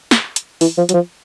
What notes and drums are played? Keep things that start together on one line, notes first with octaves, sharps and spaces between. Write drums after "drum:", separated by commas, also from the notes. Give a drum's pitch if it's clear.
drum: snare
drum: hi-hat
E3, drum: open hi-hat
F3
F#3, drum: hi-hat
F3